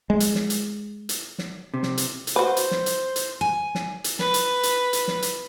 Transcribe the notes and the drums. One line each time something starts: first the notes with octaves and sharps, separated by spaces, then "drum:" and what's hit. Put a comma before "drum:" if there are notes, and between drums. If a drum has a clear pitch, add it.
G#3
drum: hi-hat
drum: snare
drum: hi-hat
drum: hi-hat
drum: snare
C3
drum: snare
drum: hi-hat
drum: hi-hat
F#4 B4 C5
drum: hi-hat
drum: snare
drum: hi-hat
drum: hi-hat
G#5
drum: snare
drum: hi-hat
B4, drum: snare
drum: hi-hat
drum: hi-hat
drum: hi-hat
drum: snare
drum: hi-hat